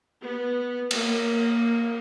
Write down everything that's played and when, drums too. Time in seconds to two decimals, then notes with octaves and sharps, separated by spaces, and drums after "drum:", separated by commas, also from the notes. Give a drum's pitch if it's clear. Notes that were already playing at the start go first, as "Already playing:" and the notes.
0.21 B3
0.91 A#3, drum: cymbal